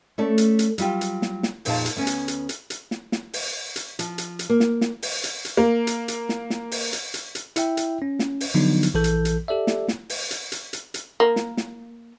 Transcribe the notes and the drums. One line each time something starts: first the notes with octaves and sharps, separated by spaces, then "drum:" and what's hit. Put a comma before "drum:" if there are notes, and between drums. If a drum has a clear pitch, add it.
A3 C#4 A4 D5
drum: hi-hat
drum: hi-hat
F#3 G3 F4 G4, drum: hi-hat
drum: hi-hat
drum: snare
drum: snare
F2 A#2 D#4 G#4 F5 A5, drum: open hi-hat
drum: hi-hat
D2 B3 C#4 G#5
drum: hi-hat
drum: hi-hat
drum: hi-hat
drum: hi-hat
drum: snare
drum: snare
drum: open hi-hat
drum: hi-hat
F3, drum: hi-hat
drum: hi-hat
drum: hi-hat
A#3
drum: snare
drum: snare
drum: open hi-hat
drum: hi-hat
drum: hi-hat
A#3
drum: hi-hat
drum: hi-hat
drum: snare
drum: snare
drum: open hi-hat
drum: hi-hat
drum: hi-hat
drum: hi-hat
E4 E5 G5, drum: hi-hat
drum: hi-hat
C#4
drum: snare
drum: open hi-hat
D3 F3 F#3 B3 D4 D#4
drum: hi-hat
A#1 E3 A4 G6
drum: hi-hat
drum: hi-hat
G4 A4 D5 E5
drum: snare
drum: snare
drum: open hi-hat
drum: hi-hat
drum: hi-hat
drum: hi-hat
drum: hi-hat
A#3
drum: snare
drum: snare